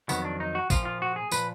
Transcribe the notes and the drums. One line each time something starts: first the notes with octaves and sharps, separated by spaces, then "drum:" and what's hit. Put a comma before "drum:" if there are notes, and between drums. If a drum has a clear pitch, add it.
F2 D#3 F#3 B3, drum: tambourine
D4
D#4
F#4
A#2 F3 F4, drum: kick, tambourine
F4
F#4
G#4
A#2 F3 B4, drum: tambourine